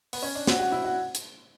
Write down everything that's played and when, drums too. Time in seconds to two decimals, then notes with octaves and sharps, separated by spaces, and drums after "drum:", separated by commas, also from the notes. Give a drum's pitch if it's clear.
0.13 B3, drum: open hi-hat
0.22 C#4
0.35 D4
0.47 F#4, drum: snare
0.60 F#4
0.72 E4
0.84 F#4
1.15 drum: hi-hat